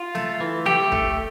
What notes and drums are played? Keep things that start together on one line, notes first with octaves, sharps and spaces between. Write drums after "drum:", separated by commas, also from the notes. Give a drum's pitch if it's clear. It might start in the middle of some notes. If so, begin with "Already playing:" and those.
Already playing: F4
A3, drum: snare
E3
A3 G4, drum: snare
A3, drum: kick